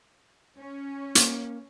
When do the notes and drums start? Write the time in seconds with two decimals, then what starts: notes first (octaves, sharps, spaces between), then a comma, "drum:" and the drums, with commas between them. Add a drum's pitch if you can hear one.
0.58 C#4
1.15 A#3, drum: hi-hat